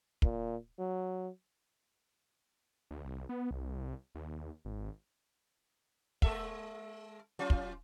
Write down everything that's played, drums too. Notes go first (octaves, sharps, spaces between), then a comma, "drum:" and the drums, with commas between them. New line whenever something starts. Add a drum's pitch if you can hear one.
A#2, drum: kick
F#3
D2
C2
B3
C2
D#2
G#1
G#3 A4 E5, drum: kick
F#3 C#4 F4
drum: kick